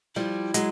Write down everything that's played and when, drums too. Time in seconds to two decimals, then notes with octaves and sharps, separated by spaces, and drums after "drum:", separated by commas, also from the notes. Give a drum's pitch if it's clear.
0.15 F3 G3 E4
0.54 F#3 G#3, drum: hi-hat